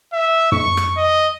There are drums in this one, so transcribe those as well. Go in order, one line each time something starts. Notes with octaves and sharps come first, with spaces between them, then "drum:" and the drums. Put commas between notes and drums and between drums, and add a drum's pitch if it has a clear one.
E5
C#6, drum: tom
drum: rim click
D#5